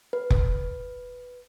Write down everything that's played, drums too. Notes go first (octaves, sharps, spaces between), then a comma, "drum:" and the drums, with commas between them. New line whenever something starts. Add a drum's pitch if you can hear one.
B4
drum: kick F1